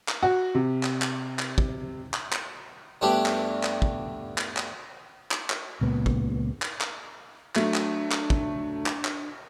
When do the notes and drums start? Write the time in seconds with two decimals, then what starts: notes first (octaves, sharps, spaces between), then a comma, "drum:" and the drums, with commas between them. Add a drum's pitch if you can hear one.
0.08 drum: clap
0.23 F#4
0.55 C3
0.83 drum: clap
1.02 drum: clap
1.39 drum: clap
1.58 drum: kick
2.14 drum: clap
2.33 drum: clap
3.01 G2 A3 B3 D4 G4
3.26 drum: clap
3.63 drum: clap
3.82 drum: kick
4.38 drum: clap
4.57 drum: clap
5.31 drum: clap
5.50 drum: clap
5.81 C#2 A#2 B3
6.06 drum: kick
6.62 drum: clap
6.81 drum: clap
7.55 F#3 A3 D4, drum: clap
7.74 drum: clap
8.12 drum: clap
8.30 drum: kick
8.86 drum: clap
9.05 drum: clap